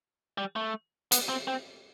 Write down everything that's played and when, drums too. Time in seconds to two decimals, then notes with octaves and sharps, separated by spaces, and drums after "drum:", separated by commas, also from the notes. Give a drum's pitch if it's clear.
0.38 G3
0.56 A3
1.12 B3, drum: hi-hat
1.29 C4
1.48 C4